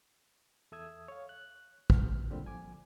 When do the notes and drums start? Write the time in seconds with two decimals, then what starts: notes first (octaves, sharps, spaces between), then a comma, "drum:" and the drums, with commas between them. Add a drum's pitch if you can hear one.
0.72 E2 A4 E5 D#6 E6 G#6
1.08 C#5 F5
1.29 F#6
1.90 F6, drum: kick
2.30 A#2 D3 G3 C4 G4
2.45 F3 G#5 D6